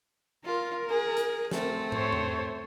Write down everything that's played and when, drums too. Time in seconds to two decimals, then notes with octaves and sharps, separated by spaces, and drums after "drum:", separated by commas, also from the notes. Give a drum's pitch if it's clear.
0.45 F4 A#4
0.89 G#4
1.17 drum: hi-hat
1.51 A3 C4, drum: snare
1.92 C5 C#5, drum: tom
2.12 drum: tom E2